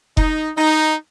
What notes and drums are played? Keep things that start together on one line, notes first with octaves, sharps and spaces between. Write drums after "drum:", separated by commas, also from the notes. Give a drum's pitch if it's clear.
D#4, drum: kick F1
D#4